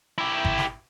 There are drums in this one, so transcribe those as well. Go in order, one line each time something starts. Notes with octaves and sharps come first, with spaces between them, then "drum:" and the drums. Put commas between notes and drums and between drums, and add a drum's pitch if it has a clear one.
E4 G4
drum: kick G#1
drum: snare